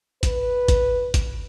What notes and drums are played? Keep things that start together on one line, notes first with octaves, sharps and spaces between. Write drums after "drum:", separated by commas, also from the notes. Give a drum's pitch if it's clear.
B4, drum: kick G#1, hi-hat
drum: kick G#1, hi-hat
drum: kick G#1, hi-hat